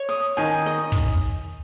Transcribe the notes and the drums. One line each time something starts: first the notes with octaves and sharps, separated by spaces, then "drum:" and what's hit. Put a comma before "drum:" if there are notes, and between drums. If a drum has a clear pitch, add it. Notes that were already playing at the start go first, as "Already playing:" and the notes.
Already playing: C#5
D#6
D#3 D#4 G#5
D#5
drum: kick